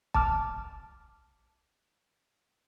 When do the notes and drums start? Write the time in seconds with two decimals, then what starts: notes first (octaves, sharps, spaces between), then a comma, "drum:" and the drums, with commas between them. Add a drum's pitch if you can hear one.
0.14 A5 D6 F6, drum: kick